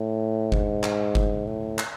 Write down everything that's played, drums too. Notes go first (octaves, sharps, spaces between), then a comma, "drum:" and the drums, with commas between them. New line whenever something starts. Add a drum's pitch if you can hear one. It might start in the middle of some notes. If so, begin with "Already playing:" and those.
Already playing: A2
G#2, drum: kick F#1
drum: clap
drum: kick F#1
A2
drum: clap